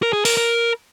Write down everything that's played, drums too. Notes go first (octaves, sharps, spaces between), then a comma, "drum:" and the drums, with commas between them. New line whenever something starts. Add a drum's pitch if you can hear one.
A#4
G#4
A#4, drum: open hi-hat
A#4